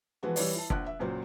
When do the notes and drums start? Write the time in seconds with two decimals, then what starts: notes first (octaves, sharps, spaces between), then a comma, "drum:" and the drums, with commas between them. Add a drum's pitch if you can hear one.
0.23 E3 F3 G#3 B3 F#4
0.36 E3 G3 E4 B4 C#5 D5, drum: open hi-hat
0.54 E4 A5
0.70 A#1 F#5 F#6, drum: kick
0.86 E5
0.99 C#2 A#2 F#3 C5